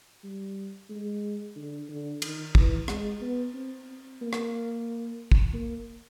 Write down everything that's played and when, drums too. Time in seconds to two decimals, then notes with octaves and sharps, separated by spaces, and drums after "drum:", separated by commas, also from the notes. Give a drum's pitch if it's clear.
0.24 G3
0.89 G#3
1.56 D3
1.89 D3
2.22 D#3, drum: cymbal
2.55 E3, drum: kick
2.88 G#3, drum: rim click
3.21 B3
3.54 C4
4.22 A#3
4.33 drum: rim click
5.32 drum: kick
5.54 A#3